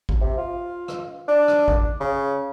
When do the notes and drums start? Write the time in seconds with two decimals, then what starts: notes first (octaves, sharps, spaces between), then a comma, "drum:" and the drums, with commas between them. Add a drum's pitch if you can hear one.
0.09 drum: kick G#1
0.21 C3
0.38 F4
0.88 drum: rim click
1.28 D4
1.48 drum: rim click
1.68 drum: kick G#1
2.00 C#3